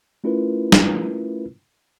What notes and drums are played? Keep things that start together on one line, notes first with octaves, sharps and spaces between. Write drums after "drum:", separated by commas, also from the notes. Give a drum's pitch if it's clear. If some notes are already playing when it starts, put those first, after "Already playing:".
A3 C#4 E4 F4 A#4 B4
drum: snare